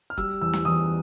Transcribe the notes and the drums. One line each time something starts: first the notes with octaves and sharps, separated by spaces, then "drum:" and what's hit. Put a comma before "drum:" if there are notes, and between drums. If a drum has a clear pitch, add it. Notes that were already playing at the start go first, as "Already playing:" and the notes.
F6
G3 E6, drum: kick F#1
E2 E6
drum: snare
E2 D#6